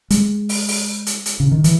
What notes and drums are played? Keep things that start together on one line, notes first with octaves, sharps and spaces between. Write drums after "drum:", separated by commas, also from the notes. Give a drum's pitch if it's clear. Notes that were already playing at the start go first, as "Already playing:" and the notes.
G#3, drum: hi-hat
drum: open hi-hat
drum: open hi-hat
drum: hi-hat
drum: hi-hat
C#3
D#3
E3, drum: hi-hat